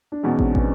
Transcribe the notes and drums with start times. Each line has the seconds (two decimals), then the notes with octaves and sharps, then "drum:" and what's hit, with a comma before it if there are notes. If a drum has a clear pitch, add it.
0.12 D4
0.23 E2 B2 G#3 C#4 D#4
0.39 C4 D4, drum: kick
0.55 B3 C#4, drum: kick